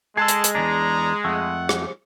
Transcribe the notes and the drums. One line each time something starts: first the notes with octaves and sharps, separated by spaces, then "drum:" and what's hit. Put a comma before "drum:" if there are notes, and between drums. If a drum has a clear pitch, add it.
G#3 G#4 A4 A5
drum: hi-hat
drum: hi-hat
E2 G2 D4 A#5
F2 A3 F#5
drum: rim click